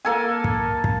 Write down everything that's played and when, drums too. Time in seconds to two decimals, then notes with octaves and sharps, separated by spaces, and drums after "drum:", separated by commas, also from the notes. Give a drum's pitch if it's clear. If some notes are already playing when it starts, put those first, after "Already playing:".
0.05 A#3 A4 G#5
0.44 drum: kick
0.84 drum: kick